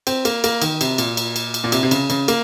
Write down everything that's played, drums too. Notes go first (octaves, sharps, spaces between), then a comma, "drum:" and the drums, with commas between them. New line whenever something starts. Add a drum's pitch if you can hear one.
C4, drum: cymbal
A#3, drum: cymbal
A#3, drum: cymbal
D#3, drum: cymbal
C3, drum: cymbal
A#2, drum: cymbal
drum: cymbal
drum: cymbal
drum: cymbal
A#2
C3, drum: cymbal
C3
C#3, drum: cymbal
C#3, drum: cymbal
A#3, drum: cymbal